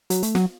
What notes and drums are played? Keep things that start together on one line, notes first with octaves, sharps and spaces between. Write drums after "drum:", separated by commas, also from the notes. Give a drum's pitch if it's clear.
F#3, drum: hi-hat
A3, drum: hi-hat
F#3, drum: snare